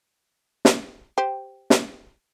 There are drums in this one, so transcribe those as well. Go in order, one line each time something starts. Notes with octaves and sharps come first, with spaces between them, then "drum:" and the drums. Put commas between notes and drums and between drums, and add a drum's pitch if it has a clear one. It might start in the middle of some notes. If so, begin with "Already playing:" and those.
drum: snare
G4 C5
drum: snare